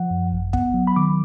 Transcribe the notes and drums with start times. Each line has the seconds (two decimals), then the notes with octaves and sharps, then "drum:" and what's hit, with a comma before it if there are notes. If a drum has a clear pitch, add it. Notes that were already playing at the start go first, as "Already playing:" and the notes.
Already playing: F3 F#5
0.11 F#2
0.32 G#1
0.53 B3 F#5, drum: kick
0.74 F#3
0.87 B5
0.96 D#3 D6